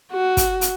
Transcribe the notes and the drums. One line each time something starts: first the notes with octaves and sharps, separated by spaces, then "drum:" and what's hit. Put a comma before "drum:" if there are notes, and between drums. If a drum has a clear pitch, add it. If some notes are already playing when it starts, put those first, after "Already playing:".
F#4
drum: kick, hi-hat
drum: hi-hat